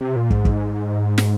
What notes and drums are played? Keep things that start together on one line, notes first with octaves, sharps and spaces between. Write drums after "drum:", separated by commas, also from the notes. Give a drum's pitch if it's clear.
C3
A#2
G#2, drum: kick
drum: kick
drum: snare